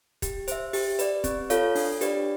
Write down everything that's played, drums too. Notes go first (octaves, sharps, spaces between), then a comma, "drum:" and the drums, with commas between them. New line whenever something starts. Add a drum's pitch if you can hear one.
G4, drum: kick, hi-hat
C5 E5, drum: hi-hat
G4, drum: open hi-hat
B4 D5, drum: hi-hat
C4, drum: kick, hi-hat
F4 A4 C#5 F5, drum: hi-hat
D4, drum: open hi-hat
G4 B4 D5, drum: hi-hat